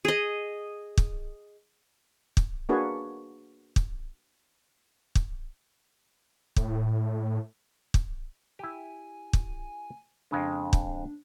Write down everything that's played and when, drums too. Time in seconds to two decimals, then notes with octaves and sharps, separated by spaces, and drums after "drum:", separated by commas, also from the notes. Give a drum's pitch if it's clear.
0.05 G#4 D#5
0.97 drum: kick
2.37 drum: kick
2.69 A#3 D4 F#4 G#4 B4 C#5
3.76 drum: kick
5.15 drum: kick
6.56 A2, drum: kick
7.94 drum: kick
8.59 E4 G4 G#5
9.33 drum: kick
10.31 F2 C#3 G#3 D4
10.73 drum: kick